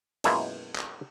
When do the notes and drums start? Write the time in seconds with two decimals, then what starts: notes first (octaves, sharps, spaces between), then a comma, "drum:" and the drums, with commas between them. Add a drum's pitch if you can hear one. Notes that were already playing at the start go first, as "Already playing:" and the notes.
0.24 F#2 B2 G#3 A#3 E4 F4, drum: cymbal
0.75 drum: clap